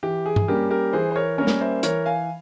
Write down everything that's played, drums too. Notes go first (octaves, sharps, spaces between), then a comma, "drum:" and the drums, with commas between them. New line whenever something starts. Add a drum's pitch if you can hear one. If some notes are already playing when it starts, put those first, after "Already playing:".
E3 G4
G#4
drum: tom G2
G3 A#3 C#4 G4 A#4
G4 A#4
E3 G#4 C5
C5
A#4 C#5
G3 A#3 C#4 A#4 C#5
drum: snare
C5 E5
E3 A#4 C#5, drum: hi-hat
F5 G#5